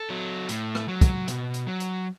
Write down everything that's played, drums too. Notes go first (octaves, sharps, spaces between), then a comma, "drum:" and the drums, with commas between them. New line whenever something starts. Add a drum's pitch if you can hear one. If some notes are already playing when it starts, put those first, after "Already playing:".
Already playing: A4
F#3
A2, drum: hi-hat
drum: rim click
F#3
drum: kick, hi-hat
B2, drum: hi-hat
drum: hi-hat
F#3
drum: hi-hat